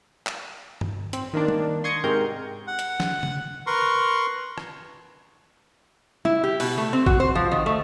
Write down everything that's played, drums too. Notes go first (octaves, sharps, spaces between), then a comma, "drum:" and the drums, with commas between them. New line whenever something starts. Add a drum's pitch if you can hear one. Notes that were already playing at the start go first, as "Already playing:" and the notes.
drum: clap
drum: tom G2
C4, drum: hi-hat
D#3 A#3 D4
drum: tom
C6 C#6 D#6 G#6 A#6 C#7
G#2 C3 C4 A#4 G6
F#5
drum: hi-hat
drum: snare
drum: tom C#3
A#4 B4 A#5 C6 C#6
drum: rim click
E4, drum: tom
G4
B2, drum: open hi-hat
A3
C4
F#4, drum: kick
C5
F3
D#3
A3